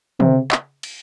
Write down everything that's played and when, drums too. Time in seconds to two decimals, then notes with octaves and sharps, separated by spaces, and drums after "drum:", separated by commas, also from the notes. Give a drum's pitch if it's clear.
0.20 C3, drum: tom
0.51 drum: clap
0.83 drum: cymbal